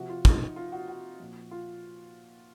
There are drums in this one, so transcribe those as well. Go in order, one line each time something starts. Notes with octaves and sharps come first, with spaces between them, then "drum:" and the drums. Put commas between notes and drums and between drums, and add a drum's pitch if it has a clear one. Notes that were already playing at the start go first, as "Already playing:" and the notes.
Already playing: C3 F3 F#4
F4
D#4, drum: kick
F4
F#4
F#4
A#2 F3
F4